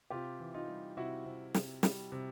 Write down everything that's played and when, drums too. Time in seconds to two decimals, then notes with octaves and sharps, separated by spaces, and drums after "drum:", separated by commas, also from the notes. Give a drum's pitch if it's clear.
0.10 C3 F4 G4
0.40 E3
0.54 D#4 F4
0.68 G3
0.97 C3 E4 F#4
1.26 C3
1.54 C3, drum: snare
1.83 G3, drum: snare
2.12 C3